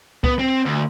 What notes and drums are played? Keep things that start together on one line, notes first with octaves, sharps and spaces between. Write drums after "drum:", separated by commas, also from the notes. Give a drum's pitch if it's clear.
B3, drum: kick C2
C4
D2